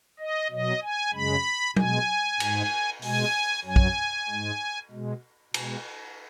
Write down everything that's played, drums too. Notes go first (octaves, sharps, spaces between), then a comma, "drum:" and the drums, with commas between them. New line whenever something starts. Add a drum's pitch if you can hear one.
D#5
B2 F#3 D#5
G#5
F#2 C#3 G#3 B5
B2 G#3 G#5, drum: tom F#3
G#2 G#3, drum: cymbal
B2 G#3 G#5, drum: open hi-hat
F#2 F#3 G#5
drum: kick
G#2 G#3
B2 G#3
B2 G#3, drum: cymbal